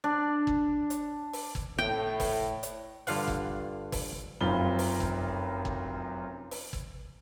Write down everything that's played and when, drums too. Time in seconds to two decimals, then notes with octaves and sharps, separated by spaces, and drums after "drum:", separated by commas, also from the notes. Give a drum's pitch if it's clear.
0.04 D4
0.47 drum: kick
0.90 drum: hi-hat
1.33 drum: open hi-hat
1.55 drum: kick
1.79 A2 G5
2.20 drum: kick, open hi-hat
2.63 drum: hi-hat
3.07 G2 D3 F4 F5 F#5, drum: open hi-hat
3.28 drum: kick
3.92 drum: kick, open hi-hat
4.41 F1 F#2 C4 F4 B5 G7
4.79 drum: open hi-hat
5.00 drum: kick
5.65 drum: kick
6.51 drum: open hi-hat
6.73 drum: kick